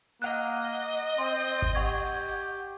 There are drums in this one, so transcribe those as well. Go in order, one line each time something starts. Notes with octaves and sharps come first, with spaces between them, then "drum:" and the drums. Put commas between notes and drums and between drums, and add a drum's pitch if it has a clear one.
A#3 D#5 F#5 F#6
drum: hi-hat
drum: hi-hat
C4 C6
drum: hi-hat
drum: kick G#1, hi-hat
G4 F#5 C#6 G#6
drum: hi-hat
drum: hi-hat